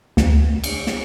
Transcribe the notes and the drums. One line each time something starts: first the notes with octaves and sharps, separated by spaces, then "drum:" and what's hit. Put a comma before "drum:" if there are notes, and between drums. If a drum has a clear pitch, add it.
D2, drum: snare
drum: cymbal
drum: snare